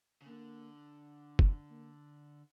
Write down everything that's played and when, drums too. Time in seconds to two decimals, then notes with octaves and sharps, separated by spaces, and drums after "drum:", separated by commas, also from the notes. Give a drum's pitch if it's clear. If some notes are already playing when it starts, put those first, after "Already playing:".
0.22 C#3
0.26 D3 A#3
1.39 drum: kick
1.70 A#3